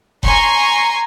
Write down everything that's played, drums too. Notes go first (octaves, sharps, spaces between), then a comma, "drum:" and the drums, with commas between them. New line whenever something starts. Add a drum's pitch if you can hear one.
G#5 A#5 C6 C#6, drum: kick F#1